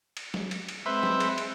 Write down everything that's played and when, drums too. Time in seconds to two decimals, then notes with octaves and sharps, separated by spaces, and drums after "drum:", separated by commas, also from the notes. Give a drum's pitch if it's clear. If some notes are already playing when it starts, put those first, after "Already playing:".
0.17 drum: cymbal
0.34 drum: snare
0.51 drum: cymbal
0.69 drum: cymbal
0.86 G#3 C4 B4 C5 E5
1.03 drum: snare
1.20 drum: cymbal
1.38 drum: cymbal